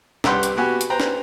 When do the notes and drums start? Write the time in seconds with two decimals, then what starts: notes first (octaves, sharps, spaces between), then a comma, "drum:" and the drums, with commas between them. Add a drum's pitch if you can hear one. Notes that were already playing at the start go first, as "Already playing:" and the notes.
0.24 C2 G4 B4 F#5 G5 C6, drum: snare
0.43 drum: hi-hat
0.57 B3 F#4 G4 F#5 G#5
0.81 drum: hi-hat
0.90 B4 C5 G5 A#5 B5
1.00 drum: snare